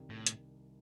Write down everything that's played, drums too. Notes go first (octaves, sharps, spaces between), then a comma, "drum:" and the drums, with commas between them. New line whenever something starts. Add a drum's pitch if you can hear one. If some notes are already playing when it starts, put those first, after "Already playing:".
Already playing: C2 C3 D#3 G3
A2
drum: hi-hat